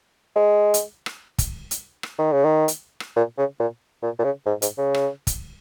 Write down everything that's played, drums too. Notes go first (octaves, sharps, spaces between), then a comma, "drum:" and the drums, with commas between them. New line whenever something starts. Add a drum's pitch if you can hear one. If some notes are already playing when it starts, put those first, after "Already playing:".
G#3
drum: hi-hat
drum: rim click
drum: kick, hi-hat
drum: hi-hat
drum: rim click
D#3
C#3
D#3
drum: hi-hat
drum: rim click
A#2
C#3
A#2
A#2
A#2
C#3
G#2
G#2, drum: hi-hat
C#3
drum: rim click
drum: kick, hi-hat